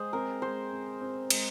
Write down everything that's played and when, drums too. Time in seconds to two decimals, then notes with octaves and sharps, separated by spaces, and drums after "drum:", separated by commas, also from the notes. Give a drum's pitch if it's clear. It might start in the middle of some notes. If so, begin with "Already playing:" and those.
Already playing: G#3 G#4 C5
0.13 C4 A#4
0.42 G#3 C5
0.72 C4
1.01 C4
1.30 G#3, drum: cymbal